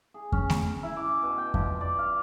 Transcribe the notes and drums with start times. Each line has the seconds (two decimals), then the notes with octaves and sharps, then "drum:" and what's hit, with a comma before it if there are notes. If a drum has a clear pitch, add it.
0.14 G#4
0.32 C#4, drum: kick F2
0.50 B5, drum: snare A3
0.83 E4
0.96 D6
1.23 B2
1.38 G5
1.54 F3, drum: kick F2
1.81 D5
1.99 F5